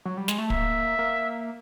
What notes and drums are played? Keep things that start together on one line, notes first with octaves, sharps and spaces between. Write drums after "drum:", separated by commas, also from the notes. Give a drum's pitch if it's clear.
F#3
G3
G#3, drum: snare
A3
A#3 E5, drum: kick
A#3